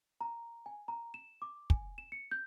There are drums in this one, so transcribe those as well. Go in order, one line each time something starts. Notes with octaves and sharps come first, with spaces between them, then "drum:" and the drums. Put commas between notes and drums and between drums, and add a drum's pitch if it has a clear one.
A#5
G#5
A#5
E7
D6
G#5, drum: kick
E7
C#7
G6